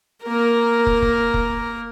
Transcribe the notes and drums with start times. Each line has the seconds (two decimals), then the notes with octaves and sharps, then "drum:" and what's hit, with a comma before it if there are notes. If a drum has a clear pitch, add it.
0.23 A#3 A#4
0.87 drum: kick
1.02 drum: kick
1.34 drum: kick